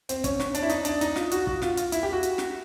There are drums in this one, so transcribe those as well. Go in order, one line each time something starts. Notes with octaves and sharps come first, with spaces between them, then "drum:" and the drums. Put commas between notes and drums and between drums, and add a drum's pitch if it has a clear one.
C4, drum: hi-hat
C#4, drum: kick, hi-hat
C#4, drum: snare
D4, drum: hi-hat
E4
D#4, drum: hi-hat
D4, drum: hi-hat
D#4, drum: hi-hat
F4, drum: snare
F#4, drum: hi-hat
F#4, drum: kick
F4, drum: snare
F4, drum: hi-hat
E4, drum: hi-hat
G4
F#4
drum: hi-hat
drum: snare